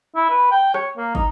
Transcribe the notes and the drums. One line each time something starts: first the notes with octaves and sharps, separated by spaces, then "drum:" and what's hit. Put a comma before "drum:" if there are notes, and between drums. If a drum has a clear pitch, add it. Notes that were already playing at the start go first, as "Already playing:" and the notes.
E4
B4
G5
C#5, drum: rim click
A#3
D#4, drum: kick